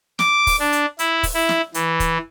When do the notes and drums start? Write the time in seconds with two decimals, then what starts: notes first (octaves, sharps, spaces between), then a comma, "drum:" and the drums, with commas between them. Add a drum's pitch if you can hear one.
0.19 D6, drum: snare
0.47 drum: kick, open hi-hat
0.60 D4
0.72 drum: hi-hat
0.99 E4, drum: hi-hat
1.23 drum: kick, open hi-hat
1.34 E4
1.49 drum: snare
1.74 E3, drum: hi-hat
2.00 drum: kick, hi-hat